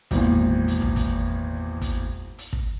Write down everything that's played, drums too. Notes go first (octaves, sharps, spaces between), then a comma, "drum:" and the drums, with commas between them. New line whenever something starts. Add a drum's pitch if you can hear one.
G#1 E2 A#2, drum: kick, hi-hat
drum: hi-hat
drum: kick
drum: kick, hi-hat
drum: kick, hi-hat
drum: hi-hat
drum: kick